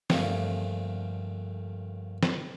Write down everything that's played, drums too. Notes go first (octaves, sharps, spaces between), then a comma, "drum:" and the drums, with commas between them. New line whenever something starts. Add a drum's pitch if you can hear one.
G2 A#2 D3 F3 A3 C4, drum: snare
drum: snare